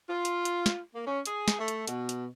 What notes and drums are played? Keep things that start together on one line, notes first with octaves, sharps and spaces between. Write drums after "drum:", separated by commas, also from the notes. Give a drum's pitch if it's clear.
F4
drum: hi-hat
drum: hi-hat
drum: snare
A#3
C#4
G#4, drum: hi-hat
drum: snare
A3
drum: hi-hat
B2, drum: hi-hat
drum: hi-hat